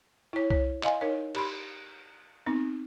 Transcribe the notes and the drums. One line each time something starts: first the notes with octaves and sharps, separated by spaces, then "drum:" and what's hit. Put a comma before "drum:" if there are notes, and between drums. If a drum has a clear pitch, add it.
E4 C#5
C#5, drum: kick C2
D#5 F5 G#5 C6, drum: clap
D#4 A#4 C#5
G4 B5 C6, drum: cymbal
B3 C4 D#4